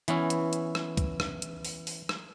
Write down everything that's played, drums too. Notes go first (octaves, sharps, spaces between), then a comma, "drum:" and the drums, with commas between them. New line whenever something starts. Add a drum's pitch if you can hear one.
E3 B3 C#4 E4, drum: hi-hat
drum: hi-hat
drum: hi-hat
drum: rim click
drum: kick C2, hi-hat
drum: rim click
drum: hi-hat
drum: open hi-hat
drum: open hi-hat
drum: rim click